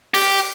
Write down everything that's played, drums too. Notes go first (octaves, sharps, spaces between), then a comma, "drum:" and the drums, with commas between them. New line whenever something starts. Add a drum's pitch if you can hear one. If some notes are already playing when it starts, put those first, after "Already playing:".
G4, drum: open hi-hat